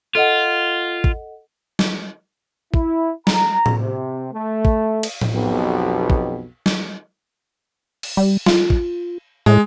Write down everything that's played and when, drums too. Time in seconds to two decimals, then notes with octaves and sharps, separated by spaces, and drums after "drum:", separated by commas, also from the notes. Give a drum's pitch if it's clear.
0.15 F4 A4 D#5 F#5
1.04 drum: kick
1.79 drum: snare
2.74 E4, drum: kick
3.27 A#5, drum: snare
3.66 drum: tom A2
3.78 C3
4.33 A3
4.65 drum: kick
5.03 drum: cymbal
5.21 drum: tom A2
5.33 B1 F2 B2 G4
6.10 drum: kick
6.66 drum: snare
8.03 drum: cymbal
8.17 G3
8.46 F4, drum: snare
8.70 drum: kick
9.46 A2 G#3